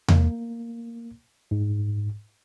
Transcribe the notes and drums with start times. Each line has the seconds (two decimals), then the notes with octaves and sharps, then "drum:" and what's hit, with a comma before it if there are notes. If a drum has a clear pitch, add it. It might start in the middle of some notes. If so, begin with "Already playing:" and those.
0.08 A#3, drum: tom E2
1.51 G#2